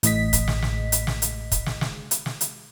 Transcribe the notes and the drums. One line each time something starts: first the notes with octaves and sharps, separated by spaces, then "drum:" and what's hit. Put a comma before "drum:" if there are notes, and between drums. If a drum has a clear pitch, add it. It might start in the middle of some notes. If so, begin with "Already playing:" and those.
A1 A2 D#5 B6, drum: hi-hat
drum: kick, hi-hat
drum: snare
drum: snare
drum: hi-hat
drum: snare
drum: hi-hat
drum: kick, hi-hat
drum: snare
drum: snare
drum: hi-hat
drum: snare
drum: hi-hat